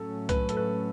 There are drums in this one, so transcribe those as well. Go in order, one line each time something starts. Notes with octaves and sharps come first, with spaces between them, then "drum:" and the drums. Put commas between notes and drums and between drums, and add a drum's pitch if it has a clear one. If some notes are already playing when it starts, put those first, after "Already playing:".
Already playing: A2 F#3 A3 C#4 A4
B4, drum: kick C2, hi-hat
A4, drum: hi-hat
B4